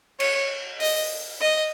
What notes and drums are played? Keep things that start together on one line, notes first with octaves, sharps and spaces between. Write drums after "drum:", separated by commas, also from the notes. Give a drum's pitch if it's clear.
C#5, drum: cymbal
D#5, drum: open hi-hat
D#5